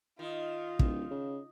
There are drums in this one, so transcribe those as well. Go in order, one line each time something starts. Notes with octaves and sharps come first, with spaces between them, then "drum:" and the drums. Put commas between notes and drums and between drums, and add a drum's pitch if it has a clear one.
D#3 F4
D1, drum: kick
C#3